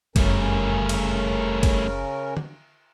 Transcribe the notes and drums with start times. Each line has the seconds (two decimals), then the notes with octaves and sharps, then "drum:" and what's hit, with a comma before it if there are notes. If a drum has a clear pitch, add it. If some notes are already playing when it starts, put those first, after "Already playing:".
0.16 F#1 F2 C#3 G3 A3 C#4 A#4, drum: kick, cymbal
0.89 drum: cymbal
1.63 drum: kick, cymbal
2.37 drum: tom D3